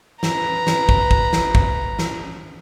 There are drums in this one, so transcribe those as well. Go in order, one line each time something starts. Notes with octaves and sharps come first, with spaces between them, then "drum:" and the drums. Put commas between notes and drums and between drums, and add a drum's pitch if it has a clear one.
B4 A#5, drum: snare
drum: snare
drum: kick
drum: kick
drum: snare
drum: kick
drum: snare